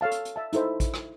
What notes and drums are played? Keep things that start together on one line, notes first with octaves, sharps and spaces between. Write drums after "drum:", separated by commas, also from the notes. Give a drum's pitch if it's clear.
A4 C#5 F5 A5
drum: hi-hat
drum: hi-hat
E5 A5
D#4 E4 A4 C5 E5, drum: hi-hat
drum: kick A1, hi-hat
drum: rim click